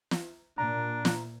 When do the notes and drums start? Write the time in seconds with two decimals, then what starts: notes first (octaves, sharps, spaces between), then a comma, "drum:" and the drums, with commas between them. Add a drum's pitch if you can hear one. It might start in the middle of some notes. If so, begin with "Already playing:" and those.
0.11 drum: snare
0.58 A#2 D4 A#5
1.05 drum: snare